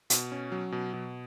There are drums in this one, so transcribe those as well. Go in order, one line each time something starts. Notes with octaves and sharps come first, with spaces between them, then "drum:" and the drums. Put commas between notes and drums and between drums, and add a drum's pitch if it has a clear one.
B2, drum: hi-hat
C#4
F#3
B2
B2